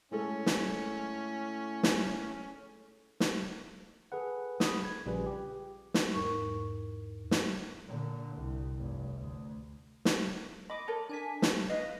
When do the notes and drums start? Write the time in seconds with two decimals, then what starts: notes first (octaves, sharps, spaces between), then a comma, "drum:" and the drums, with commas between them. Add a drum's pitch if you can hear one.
0.12 A2 G#3 C#4 A4 C#5
0.46 drum: snare
1.83 drum: snare
3.20 drum: snare
4.12 G#4 A4 B4 F#5
4.60 B5 D#6, drum: snare
4.85 G#6
5.06 A#1 C#3 G3 F4 G#4 B4
5.26 G4
5.94 drum: snare
6.13 E2 G#2 D#4 A#4 C#6
7.31 drum: snare
7.87 A#2 D3
8.36 C2
8.77 F1 G2
9.17 D2
10.05 drum: snare
10.70 D#5 B5 D6
10.88 A4 A#4 C#5
11.09 D4 G#5 B6
11.42 drum: snare
11.69 B4 D#5 F5